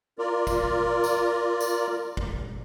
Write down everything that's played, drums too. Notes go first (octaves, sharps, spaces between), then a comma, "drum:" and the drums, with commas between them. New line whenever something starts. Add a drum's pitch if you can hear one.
F4 A#4 D5
drum: kick, tambourine
drum: tambourine
drum: tambourine
drum: kick